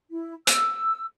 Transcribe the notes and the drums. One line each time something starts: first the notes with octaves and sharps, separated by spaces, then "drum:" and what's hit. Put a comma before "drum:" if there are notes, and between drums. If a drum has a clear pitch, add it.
E4
E6, drum: hi-hat